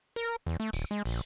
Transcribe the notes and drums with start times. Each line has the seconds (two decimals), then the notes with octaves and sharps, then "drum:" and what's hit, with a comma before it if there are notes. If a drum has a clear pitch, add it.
0.16 A#4
0.47 E2
0.60 A3
0.73 D#1, drum: tambourine
0.91 G#3
1.05 A#1, drum: open hi-hat